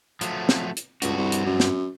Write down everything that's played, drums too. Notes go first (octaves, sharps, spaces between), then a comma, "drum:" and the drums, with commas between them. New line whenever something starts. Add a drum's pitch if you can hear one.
F3 F#3 A3, drum: hi-hat
drum: snare
drum: hi-hat
C#2 G2 F#4, drum: hi-hat
C2
drum: hi-hat
F#2
drum: snare